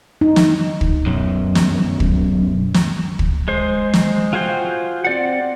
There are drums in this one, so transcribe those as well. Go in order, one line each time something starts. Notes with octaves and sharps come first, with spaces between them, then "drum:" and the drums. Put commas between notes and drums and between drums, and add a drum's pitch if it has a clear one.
D#4
drum: snare
drum: kick
B1 F#2
drum: snare
drum: kick
drum: snare
drum: kick
G#3 C5
drum: snare
F4 F#4 G#4 C5 G5
C4 D5 F#5